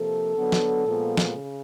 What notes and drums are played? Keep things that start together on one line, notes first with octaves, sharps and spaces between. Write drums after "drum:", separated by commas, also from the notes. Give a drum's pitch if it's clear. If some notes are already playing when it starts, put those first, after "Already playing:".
Already playing: C3 F3 A#3 A4
D3 F#3 B3
drum: snare
A#2 F3 G#3 B3
drum: snare
C#3